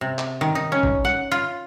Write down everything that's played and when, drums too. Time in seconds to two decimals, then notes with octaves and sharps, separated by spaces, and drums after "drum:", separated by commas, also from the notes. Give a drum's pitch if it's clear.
0.01 C3
0.19 drum: clap
0.41 D#3
0.55 D#4
0.72 C#4
0.83 drum: kick
1.05 F#5
1.32 F4